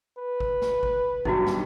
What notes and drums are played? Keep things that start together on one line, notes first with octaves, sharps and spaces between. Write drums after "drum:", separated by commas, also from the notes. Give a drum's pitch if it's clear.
B4
drum: kick
drum: snare
drum: kick
B1 G2 D#3 D#4 E4 F#4, drum: kick
drum: snare